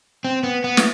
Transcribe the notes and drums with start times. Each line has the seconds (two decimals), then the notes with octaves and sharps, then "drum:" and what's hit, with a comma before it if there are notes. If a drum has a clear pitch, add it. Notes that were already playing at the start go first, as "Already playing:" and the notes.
0.25 C4
0.43 B3
0.64 B3
0.77 drum: snare